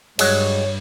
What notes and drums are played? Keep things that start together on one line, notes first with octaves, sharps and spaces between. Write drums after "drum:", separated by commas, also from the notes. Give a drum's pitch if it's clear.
G2 F#3 G#3 C#5, drum: cymbal